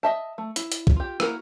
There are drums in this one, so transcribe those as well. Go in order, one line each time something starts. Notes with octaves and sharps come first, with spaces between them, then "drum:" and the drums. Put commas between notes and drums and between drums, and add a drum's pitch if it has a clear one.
D#5 E5 A5
A3
E4, drum: hi-hat
drum: hi-hat
drum: kick
F4 G4
A#3 E4 F#4 A#4, drum: rim click